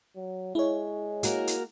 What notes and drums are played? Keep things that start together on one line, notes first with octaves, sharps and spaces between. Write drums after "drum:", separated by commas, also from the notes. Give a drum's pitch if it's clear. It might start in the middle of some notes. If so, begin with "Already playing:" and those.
F#3
G#3 E4 C#5
A#3 F#4 A#4, drum: hi-hat
drum: hi-hat